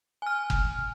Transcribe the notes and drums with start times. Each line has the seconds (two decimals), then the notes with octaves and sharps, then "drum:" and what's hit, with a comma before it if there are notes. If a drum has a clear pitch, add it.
0.22 G#5 F6
0.50 drum: kick F#1